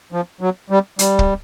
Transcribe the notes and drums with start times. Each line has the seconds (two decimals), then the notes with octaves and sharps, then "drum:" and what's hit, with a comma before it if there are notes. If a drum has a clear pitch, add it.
0.12 F3
0.41 F#3
0.70 G3
0.99 G3, drum: hi-hat
1.19 drum: kick